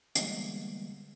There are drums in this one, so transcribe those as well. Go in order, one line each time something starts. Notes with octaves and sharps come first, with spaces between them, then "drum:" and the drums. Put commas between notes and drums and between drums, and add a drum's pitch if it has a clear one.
D3 E3 G3 G#3 A#3 B3, drum: hi-hat